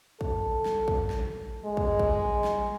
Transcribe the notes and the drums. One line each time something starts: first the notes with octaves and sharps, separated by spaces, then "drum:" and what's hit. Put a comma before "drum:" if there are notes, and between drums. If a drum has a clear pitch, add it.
A4, drum: kick
drum: snare
drum: kick
drum: snare
G#3
drum: kick
drum: kick
drum: snare